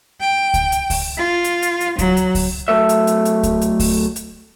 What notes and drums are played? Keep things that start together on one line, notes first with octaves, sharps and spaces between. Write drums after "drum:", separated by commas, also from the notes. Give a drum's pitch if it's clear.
G5
drum: kick C#2, hi-hat
drum: hi-hat
drum: kick C#2, open hi-hat
F4
drum: hi-hat
drum: hi-hat
drum: hi-hat
F#3, drum: kick C#2, hi-hat
drum: hi-hat
drum: kick C#2, open hi-hat
F#3 A3 A4 E5
drum: hi-hat
drum: hi-hat
drum: hi-hat
drum: kick C#2, hi-hat
drum: hi-hat
drum: kick C#2, open hi-hat
drum: hi-hat